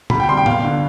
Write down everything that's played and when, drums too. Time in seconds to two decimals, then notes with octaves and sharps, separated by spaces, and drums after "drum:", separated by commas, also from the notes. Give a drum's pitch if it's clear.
0.10 D2 B5, drum: tom
0.20 G5
0.28 C3 G3 C6
0.37 G5
0.46 G1 F5, drum: tom
0.65 D3